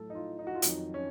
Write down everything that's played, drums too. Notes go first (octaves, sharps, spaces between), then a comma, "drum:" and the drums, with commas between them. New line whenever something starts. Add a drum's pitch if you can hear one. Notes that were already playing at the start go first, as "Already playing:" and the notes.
Already playing: A2 F#3 A4
D#4
F4
D#4
F#4
F4
F2 D#3 F#3 D#4, drum: hi-hat
C#4